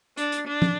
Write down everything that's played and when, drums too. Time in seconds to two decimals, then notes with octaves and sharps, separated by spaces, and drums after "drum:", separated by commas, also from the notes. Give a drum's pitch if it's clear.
0.17 D4, drum: hi-hat
0.32 drum: hi-hat
0.47 D4
0.62 drum: tom